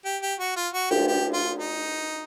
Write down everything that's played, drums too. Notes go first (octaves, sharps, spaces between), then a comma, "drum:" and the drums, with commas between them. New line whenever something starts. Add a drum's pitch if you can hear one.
G4
G4
F#4
F4
F#4
G4, drum: cymbal
G4
F4
D#4